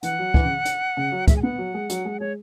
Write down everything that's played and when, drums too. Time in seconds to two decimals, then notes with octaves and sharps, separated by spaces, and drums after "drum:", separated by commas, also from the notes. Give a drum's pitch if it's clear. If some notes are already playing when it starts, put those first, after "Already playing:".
0.03 E3 F#5, drum: hi-hat
0.19 F#3
0.34 E3, drum: kick
0.44 C#3
0.65 drum: hi-hat
0.97 C#3
1.12 F#3
1.28 G#3 E5, drum: kick, hi-hat
1.37 G#5
1.43 B3 F#5
1.58 F#3
1.74 G#3
1.90 F#3, drum: hi-hat
2.05 G#3
2.20 G#3 C#5